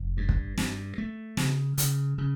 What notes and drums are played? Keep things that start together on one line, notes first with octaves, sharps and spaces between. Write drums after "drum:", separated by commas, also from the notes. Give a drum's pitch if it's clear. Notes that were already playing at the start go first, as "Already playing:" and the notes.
Already playing: F1
G2
drum: kick
G2, drum: snare
A3
C#3, drum: snare
C#3, drum: hi-hat
C#3